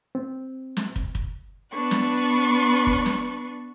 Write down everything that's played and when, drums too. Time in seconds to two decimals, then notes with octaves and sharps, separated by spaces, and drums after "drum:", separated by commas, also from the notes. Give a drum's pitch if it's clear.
0.15 C4
0.77 drum: snare
0.96 drum: kick
1.15 drum: kick
1.72 B3 D4 B4 C#6
1.91 drum: snare
2.87 drum: kick
3.06 drum: snare